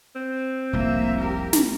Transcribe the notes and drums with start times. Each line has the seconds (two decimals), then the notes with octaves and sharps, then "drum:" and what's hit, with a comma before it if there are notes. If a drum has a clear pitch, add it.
0.15 C4
0.73 F1 C2 A#3 E5
1.18 G4 A#4
1.53 drum: snare